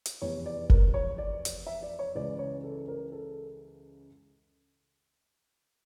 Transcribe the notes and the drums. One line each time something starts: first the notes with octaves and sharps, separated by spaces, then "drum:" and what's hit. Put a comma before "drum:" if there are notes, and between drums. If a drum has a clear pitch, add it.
drum: hi-hat
F1 E2 E3 C#5
D5
A#4, drum: kick
C#5
D5
drum: hi-hat
E5
D5
C#5
C#2 C#3 E3 D5
C#5
A4
A#4
A4